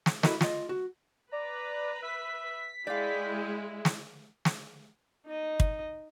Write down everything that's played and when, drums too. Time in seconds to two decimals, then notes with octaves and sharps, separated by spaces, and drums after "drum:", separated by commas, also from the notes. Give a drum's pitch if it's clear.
0.06 drum: snare
0.23 E4 F#4 A4 A#4 D#5, drum: snare
0.41 F4 D#5, drum: snare
0.69 F#4
1.32 B4 D5 A#5
2.03 E5 B6
2.87 G#3 E4 D5 F5 G5
3.85 drum: snare
4.45 drum: snare
5.26 D#4 D#5
5.60 drum: kick